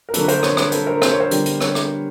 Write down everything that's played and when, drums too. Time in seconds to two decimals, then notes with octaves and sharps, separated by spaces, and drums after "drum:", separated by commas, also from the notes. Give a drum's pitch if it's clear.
0.09 A#4
0.14 D3 F#3 A#3 A4 B4, drum: hi-hat
0.24 B4
0.28 A#4 C5, drum: hi-hat
0.43 B4 C#5, drum: rim click
0.57 B4 C#5, drum: rim click
0.72 A4 B4, drum: hi-hat
0.87 A#4 C5
1.02 C5, drum: rim click
1.11 C#5
1.20 A#4 C5
1.31 D3 G3 B3, drum: hi-hat
1.46 drum: hi-hat
1.60 B4 C#5, drum: rim click
1.75 drum: rim click